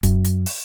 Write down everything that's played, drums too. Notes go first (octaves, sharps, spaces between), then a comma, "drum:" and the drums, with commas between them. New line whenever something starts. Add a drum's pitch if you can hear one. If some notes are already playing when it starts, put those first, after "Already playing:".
F#2, drum: kick, hi-hat
drum: hi-hat
drum: open hi-hat